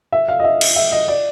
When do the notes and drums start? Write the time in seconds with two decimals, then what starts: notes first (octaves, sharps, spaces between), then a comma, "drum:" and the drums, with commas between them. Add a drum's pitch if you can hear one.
0.12 E5
0.28 F5
0.40 D#5
0.44 E5
0.61 drum: cymbal
0.76 E5
0.92 D#5
1.08 D5